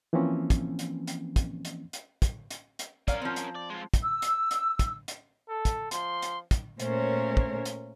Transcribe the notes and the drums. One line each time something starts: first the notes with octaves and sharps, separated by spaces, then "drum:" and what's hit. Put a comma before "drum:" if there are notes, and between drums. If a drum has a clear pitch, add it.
E3 F3 A#3 C4 C#4
drum: kick, hi-hat
drum: hi-hat
drum: hi-hat
drum: kick, hi-hat
drum: hi-hat
drum: hi-hat
drum: kick, hi-hat
drum: hi-hat
drum: hi-hat
C#4 A#4 D5 F5, drum: kick, hi-hat
F3 C4
drum: hi-hat
D5
G#3 F4
drum: kick, hi-hat
E6
drum: hi-hat
drum: hi-hat
drum: kick, hi-hat
drum: hi-hat
A4
drum: kick, hi-hat
F3 C6, drum: hi-hat
drum: hi-hat
drum: kick, hi-hat
A#2 A3 C#4 A#4 C5 C#5, drum: hi-hat
drum: kick
drum: hi-hat